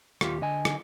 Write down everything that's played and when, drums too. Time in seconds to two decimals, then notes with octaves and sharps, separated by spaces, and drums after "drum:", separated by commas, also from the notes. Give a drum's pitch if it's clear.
0.21 D#2 F4 G4, drum: rim click
0.41 D3 D#5 G#5
0.65 drum: rim click